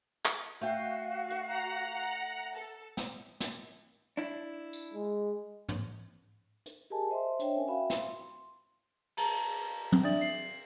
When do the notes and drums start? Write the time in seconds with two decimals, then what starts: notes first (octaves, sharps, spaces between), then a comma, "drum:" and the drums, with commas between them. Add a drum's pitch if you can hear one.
0.25 drum: clap
0.61 A3 F#4 F5 G5
1.30 drum: hi-hat
1.51 F#5 A#5
2.55 A4
2.97 drum: snare
3.40 drum: snare
4.17 D4 E4
4.73 drum: tambourine
4.94 G#3
5.69 drum: tom
6.66 drum: hi-hat
6.90 G4 G#4 A#4 D#5 G#5 A5
7.10 C5 D#5 E5 C6
7.39 D4 C5 C#5 E5 G5, drum: hi-hat
7.56 C#4 A#4 G#5
7.68 F#4 E5 F5 G5 B5
7.90 C6, drum: snare
9.17 A5 A#5, drum: cymbal
9.92 drum: tom
10.04 D4 D5 E5 D#6 A6 F#7
10.21 C7 F#7